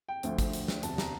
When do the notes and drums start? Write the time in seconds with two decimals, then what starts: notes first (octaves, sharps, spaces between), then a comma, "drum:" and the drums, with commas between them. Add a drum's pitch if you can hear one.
0.09 G5
0.23 D2 D3 F3 A3, drum: hi-hat
0.39 drum: kick G#1, hi-hat
0.53 drum: hi-hat
0.68 drum: snare
0.83 E1 D2 C3 A5, drum: hi-hat
0.98 A#5, drum: snare